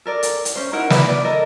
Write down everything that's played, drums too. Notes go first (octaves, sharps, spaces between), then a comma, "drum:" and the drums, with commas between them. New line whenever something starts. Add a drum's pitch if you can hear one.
A4 A#4 D5
drum: hi-hat
drum: hi-hat
C#4 C5
D#4 E4 A#4 F#5
D4 E4 B4, drum: snare
D5
A4 A#4 D#5